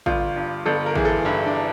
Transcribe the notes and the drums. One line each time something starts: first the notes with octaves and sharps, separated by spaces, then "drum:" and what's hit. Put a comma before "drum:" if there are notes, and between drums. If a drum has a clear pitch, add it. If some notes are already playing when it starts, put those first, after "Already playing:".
G1 F4, drum: kick A1
G2
G1 A4
A#4
E3 G#4, drum: kick A1
A4
G2 E4
D4